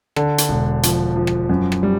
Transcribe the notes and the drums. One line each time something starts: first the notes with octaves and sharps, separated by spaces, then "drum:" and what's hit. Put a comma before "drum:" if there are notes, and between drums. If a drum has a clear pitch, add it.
D3, drum: rim click
drum: hi-hat
E1
F3, drum: hi-hat
F3
drum: rim click
F#2
drum: rim click
G3